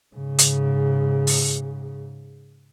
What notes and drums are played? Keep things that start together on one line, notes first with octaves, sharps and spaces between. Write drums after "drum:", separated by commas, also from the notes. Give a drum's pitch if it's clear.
G#2 C#3
drum: hi-hat
drum: open hi-hat